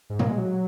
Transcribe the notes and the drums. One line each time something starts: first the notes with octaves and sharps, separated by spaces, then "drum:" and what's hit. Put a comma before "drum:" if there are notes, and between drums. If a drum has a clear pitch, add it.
G#2
A#3, drum: tom A#2
G#3
F#3